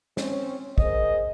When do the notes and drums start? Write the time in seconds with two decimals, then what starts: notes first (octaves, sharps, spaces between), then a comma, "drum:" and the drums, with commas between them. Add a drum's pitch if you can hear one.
0.17 C4 C#4, drum: snare
0.78 G#4 A#4 C5 D#5, drum: kick